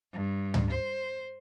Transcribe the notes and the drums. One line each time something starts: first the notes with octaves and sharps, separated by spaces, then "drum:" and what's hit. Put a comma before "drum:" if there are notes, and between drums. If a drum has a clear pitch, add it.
G2
drum: tom
C5